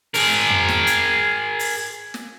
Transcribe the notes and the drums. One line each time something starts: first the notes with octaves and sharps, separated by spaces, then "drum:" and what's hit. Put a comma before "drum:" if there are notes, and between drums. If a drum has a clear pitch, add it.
G#4 A#4, drum: open hi-hat
drum: tom
drum: snare
drum: hi-hat
drum: open hi-hat
drum: snare